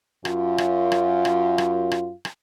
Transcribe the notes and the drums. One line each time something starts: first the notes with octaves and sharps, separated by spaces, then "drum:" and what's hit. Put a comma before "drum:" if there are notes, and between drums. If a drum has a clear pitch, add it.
F#2 F4, drum: rim click
drum: rim click
drum: rim click
drum: rim click
drum: rim click
drum: rim click
drum: rim click